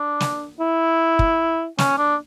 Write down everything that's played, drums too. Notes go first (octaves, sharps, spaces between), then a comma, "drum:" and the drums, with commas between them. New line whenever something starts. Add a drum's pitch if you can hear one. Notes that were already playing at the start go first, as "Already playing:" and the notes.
Already playing: D4
drum: snare
E4
drum: kick
C#4, drum: snare
D4